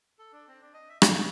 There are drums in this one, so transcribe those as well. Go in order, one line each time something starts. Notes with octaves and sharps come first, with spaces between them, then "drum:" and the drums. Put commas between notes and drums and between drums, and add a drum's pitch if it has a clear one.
A4
D4
C4
D4
D#5
E5
G#4, drum: rim click
G#4